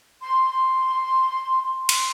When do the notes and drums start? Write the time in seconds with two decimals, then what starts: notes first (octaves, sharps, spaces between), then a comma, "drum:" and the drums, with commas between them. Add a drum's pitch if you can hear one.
0.21 C6
1.62 C6
1.89 drum: cymbal